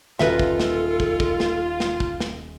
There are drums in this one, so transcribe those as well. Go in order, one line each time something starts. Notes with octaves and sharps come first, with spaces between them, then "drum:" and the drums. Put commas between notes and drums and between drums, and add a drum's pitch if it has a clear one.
D#1 F4 A4 B4 E5 A#6, drum: snare
drum: kick
drum: snare
drum: kick
drum: kick
drum: snare
drum: snare
drum: kick
drum: snare